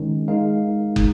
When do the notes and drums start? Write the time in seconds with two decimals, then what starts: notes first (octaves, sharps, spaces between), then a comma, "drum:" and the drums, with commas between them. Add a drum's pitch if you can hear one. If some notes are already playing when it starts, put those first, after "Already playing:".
Already playing: D#3 G#3 C#4
0.28 G#3 D#4 A#4 F5
0.96 G#3 D#4, drum: kick